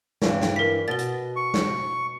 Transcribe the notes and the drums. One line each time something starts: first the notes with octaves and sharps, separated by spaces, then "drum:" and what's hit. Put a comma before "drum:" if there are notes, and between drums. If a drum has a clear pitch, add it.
G2 E3, drum: snare
drum: snare
A#4 B6
B2 A6 G7
drum: hi-hat
C#6
drum: snare